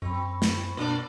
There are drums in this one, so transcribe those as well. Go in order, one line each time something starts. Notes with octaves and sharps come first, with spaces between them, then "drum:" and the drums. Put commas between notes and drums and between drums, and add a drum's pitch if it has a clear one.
F#2 C4 B5 C#6
drum: snare
B2 A#3 D4 D5